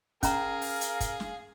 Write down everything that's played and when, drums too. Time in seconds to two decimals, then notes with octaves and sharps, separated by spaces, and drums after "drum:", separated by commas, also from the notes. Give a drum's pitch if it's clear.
0.23 C#4 G#4 A#4 F5 A#5, drum: kick, hi-hat
0.62 drum: open hi-hat
0.81 drum: hi-hat
1.00 drum: kick, hi-hat
1.20 drum: snare